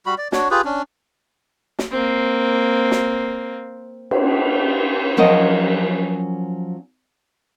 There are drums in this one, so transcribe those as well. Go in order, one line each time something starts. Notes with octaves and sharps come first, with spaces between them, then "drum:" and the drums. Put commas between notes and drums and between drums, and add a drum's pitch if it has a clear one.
G3 F#4 B5
D5
D4 F#4 C#5, drum: snare
F4 G4 G#4 B4
C#4 D4
drum: snare
A#3 C4
drum: snare
drum: cymbal
F3 F#3 C#4 A#4 D#5